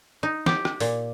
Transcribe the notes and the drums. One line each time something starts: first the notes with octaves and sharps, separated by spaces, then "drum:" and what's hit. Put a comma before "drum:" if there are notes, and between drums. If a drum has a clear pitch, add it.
D#4
G4, drum: snare
drum: rim click
A#2, drum: open hi-hat